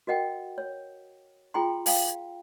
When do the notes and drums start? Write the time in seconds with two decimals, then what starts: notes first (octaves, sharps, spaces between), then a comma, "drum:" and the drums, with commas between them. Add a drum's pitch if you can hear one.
0.07 F#4 A#4 D#5 F#5 G5
0.58 C#5
1.54 F4 G#4 G5 A#5 C6
1.86 F5 G5, drum: open hi-hat